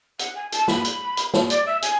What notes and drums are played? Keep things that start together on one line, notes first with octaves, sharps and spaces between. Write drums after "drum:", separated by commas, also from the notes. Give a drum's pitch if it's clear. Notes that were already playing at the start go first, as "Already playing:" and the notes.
F#5, drum: hi-hat
G#5
A5, drum: hi-hat
B5, drum: snare
drum: hi-hat
drum: hi-hat
drum: snare
D5, drum: hi-hat
E5
G#5, drum: hi-hat